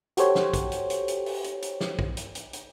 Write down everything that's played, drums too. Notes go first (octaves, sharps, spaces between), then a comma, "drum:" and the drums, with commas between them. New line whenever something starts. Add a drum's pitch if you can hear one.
F#4 G4 A4 C5 C#5 G5, drum: hi-hat
drum: snare
drum: kick, hi-hat
drum: hi-hat
drum: hi-hat
drum: hi-hat
drum: open hi-hat
drum: hi-hat
drum: hi-hat
drum: snare
drum: kick
drum: hi-hat
drum: hi-hat
drum: hi-hat